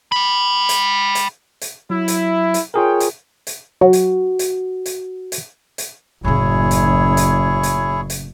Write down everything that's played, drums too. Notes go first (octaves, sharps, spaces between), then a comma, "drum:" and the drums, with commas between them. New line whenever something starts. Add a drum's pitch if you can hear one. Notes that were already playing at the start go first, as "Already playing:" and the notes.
G5 B5
drum: hi-hat
drum: hi-hat
drum: hi-hat
F#3 E4
drum: hi-hat
drum: hi-hat
F4 G#4 A#4 C#5 G5
drum: hi-hat
drum: hi-hat
F#3 F#4
drum: hi-hat
drum: hi-hat
drum: hi-hat
drum: hi-hat
drum: hi-hat
F#1 A2 C#3 E4 G#4 C#5
drum: hi-hat
drum: hi-hat
drum: hi-hat
drum: hi-hat